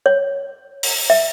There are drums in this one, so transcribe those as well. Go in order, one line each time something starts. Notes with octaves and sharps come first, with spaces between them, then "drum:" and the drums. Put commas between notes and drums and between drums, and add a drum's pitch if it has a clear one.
C#5
drum: open hi-hat
E5